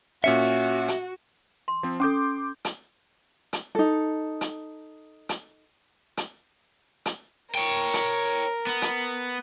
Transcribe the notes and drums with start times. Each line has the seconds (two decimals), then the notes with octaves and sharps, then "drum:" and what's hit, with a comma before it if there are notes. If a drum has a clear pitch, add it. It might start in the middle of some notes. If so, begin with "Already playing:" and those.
0.24 A#2 C#4 F#4 E5 C#7
0.88 drum: hi-hat
1.68 C6
1.83 F3 C4
2.00 C#4 A4 C6 D6 G6
2.65 drum: hi-hat
3.53 drum: hi-hat
3.75 D#4 A4
4.41 drum: hi-hat
5.29 drum: hi-hat
6.17 drum: hi-hat
7.06 drum: hi-hat
7.55 A#4 C#5 G5
7.94 drum: hi-hat
8.67 B3
8.82 drum: hi-hat